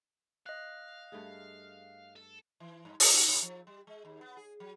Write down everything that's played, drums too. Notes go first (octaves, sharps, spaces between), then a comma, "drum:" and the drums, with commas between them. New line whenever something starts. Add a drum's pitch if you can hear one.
D#5 F5 F#6
G2 A3 G#4
A4
E3
G2
D#4, drum: open hi-hat
F#4
B2
F3
G3
G#3
D#2
B3
G#4
F#3